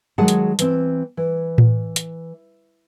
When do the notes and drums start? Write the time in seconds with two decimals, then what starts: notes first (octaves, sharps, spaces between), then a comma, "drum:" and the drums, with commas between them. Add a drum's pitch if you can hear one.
0.18 D#3 F#3 G#3 G#4 F#5 A5
0.28 drum: hi-hat
0.59 E3 C4, drum: hi-hat
1.17 E3
1.58 drum: tom A2
1.96 drum: hi-hat